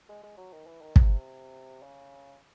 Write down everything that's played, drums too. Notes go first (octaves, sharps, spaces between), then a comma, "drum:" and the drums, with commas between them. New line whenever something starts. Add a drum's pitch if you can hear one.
G#3
G#3
F#3
D#3
E3
D#3
C3, drum: kick
C#3